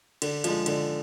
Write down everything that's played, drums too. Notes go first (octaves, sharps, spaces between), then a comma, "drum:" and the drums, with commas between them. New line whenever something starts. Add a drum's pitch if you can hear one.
D3, drum: cymbal
F3 G#3, drum: cymbal
D3, drum: cymbal